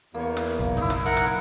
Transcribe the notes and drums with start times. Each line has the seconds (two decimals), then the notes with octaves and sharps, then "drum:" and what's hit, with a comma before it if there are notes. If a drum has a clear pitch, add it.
0.14 E2 A#3 C#5
0.37 drum: snare
0.50 drum: hi-hat
0.59 F#1 B1
0.77 D#4 E4, drum: kick, hi-hat
0.90 drum: snare
1.05 A#4 E5 F#5, drum: hi-hat
1.17 drum: snare